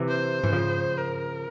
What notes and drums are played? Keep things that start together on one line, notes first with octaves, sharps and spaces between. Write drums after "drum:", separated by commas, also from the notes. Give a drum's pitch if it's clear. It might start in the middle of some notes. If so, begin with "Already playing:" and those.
Already playing: C3 E3
C5
E3, drum: tom G#2
C#3 F3
A#4